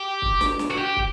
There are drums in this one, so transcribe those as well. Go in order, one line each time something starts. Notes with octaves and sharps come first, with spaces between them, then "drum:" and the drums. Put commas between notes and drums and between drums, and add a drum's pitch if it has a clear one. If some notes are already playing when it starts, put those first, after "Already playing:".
Already playing: G4
drum: kick
drum: snare
drum: snare
F#4
G4
drum: kick